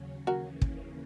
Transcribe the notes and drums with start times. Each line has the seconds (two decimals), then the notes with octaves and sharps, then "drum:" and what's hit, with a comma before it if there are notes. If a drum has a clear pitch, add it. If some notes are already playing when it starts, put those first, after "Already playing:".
Already playing: D#2 C#3 F#3 C#4
0.27 D#2 C#3 E3 A#3 C#4 F#4 A#4
0.61 drum: kick